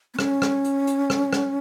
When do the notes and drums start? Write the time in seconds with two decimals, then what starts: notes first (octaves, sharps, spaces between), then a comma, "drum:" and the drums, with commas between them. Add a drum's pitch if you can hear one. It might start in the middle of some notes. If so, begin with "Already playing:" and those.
0.14 B3
0.19 C#4, drum: rim click
0.42 drum: rim click
0.65 drum: hi-hat
0.87 drum: hi-hat
1.10 drum: rim click
1.33 drum: rim click